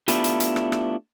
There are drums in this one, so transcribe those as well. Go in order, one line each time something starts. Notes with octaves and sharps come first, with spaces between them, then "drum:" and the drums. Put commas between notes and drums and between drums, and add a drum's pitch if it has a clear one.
A3 B3 D4 E4 F4 G4, drum: hi-hat
drum: hi-hat
drum: hi-hat
drum: rim click
drum: rim click